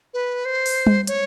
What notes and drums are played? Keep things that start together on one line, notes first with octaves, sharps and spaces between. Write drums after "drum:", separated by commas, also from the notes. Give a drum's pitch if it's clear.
B4
C5
drum: open hi-hat
drum: tom G3
C#5, drum: hi-hat